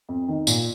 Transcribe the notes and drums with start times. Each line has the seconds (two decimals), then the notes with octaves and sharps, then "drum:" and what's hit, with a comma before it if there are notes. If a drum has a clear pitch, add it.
0.09 F2
0.28 D#3
0.47 A#2, drum: tambourine